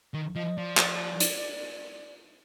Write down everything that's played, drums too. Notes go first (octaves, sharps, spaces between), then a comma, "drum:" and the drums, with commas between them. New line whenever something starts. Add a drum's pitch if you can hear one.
D#3
F3 D#5
F3 D5
drum: clap
drum: hi-hat